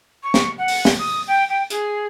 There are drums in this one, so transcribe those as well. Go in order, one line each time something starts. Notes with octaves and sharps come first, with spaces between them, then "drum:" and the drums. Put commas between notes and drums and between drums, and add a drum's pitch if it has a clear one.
C#6
drum: snare
F#5
drum: open hi-hat
drum: snare
D#6
G5
G5
G#4, drum: hi-hat